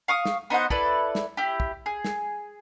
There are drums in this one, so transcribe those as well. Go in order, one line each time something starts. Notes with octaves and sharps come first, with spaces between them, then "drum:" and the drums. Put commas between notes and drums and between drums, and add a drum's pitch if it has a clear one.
F5 C#6 D#6
drum: snare
B3 D#4 C5 F#5
E4 A4 B4 D5, drum: kick
drum: snare
E4 G4
drum: kick
G#4
drum: snare